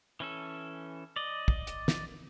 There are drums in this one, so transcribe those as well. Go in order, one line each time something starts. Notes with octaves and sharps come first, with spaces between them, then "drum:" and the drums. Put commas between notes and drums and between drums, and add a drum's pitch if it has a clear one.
E3 C#4 A4
D5 D#5
drum: kick
drum: hi-hat
drum: snare